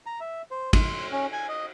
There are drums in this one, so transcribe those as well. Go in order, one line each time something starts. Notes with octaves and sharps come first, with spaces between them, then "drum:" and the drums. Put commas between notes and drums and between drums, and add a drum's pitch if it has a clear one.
A#5
E5
C5
C6, drum: kick, cymbal
C#4
G#5
D#5